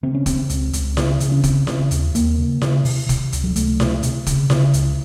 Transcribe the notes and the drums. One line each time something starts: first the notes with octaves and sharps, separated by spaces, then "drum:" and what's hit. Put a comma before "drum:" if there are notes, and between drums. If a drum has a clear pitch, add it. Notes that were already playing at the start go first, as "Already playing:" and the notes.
C#3 C4
C#4
C#3 C4, drum: kick, hi-hat
C#2, drum: hi-hat
C#2, drum: hi-hat
C#3, drum: snare E4
C#3, drum: hi-hat
C#4
C#3 C4, drum: kick, hi-hat
C#3, drum: snare E4
D#2, drum: hi-hat
D#2 A#3, drum: hi-hat
C#3
C#3, drum: snare E4
C3, drum: open hi-hat
C3, drum: kick, hi-hat
C#2, drum: hi-hat
F#3
C#2 A3, drum: hi-hat
C3, drum: snare E4
C3, drum: hi-hat
C#3, drum: kick, hi-hat
C#3, drum: snare E4
C#2, drum: hi-hat